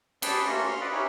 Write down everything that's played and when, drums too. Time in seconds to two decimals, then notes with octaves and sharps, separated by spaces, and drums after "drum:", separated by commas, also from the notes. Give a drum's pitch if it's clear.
0.22 G#4 B4 D5 G5 A5, drum: cymbal
0.46 A3 A#3 C#4 F4 F#4
0.69 F5 C6
0.81 B4 D5 D#5 F5 B5
0.92 C#4 D#4 E4 G4 B4 C#5